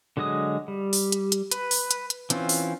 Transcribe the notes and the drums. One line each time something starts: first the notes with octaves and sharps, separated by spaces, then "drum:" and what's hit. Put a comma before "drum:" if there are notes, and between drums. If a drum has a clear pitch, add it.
D3 F#3 G#3 D#5 D#6
G3
drum: open hi-hat
drum: hi-hat
drum: hi-hat
B4, drum: hi-hat
drum: open hi-hat
drum: hi-hat
drum: hi-hat
E3 C4 C#4 F4, drum: hi-hat
drum: open hi-hat